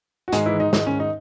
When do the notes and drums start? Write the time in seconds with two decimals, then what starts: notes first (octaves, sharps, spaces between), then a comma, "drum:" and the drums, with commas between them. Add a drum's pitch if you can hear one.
0.28 F#4
0.32 G#2 D#3 G#3 G#4, drum: hi-hat
0.46 E3 E4
0.60 D#4
0.73 G#2 D#3 G#3 D#4, drum: snare
0.87 C#4
1.00 D#4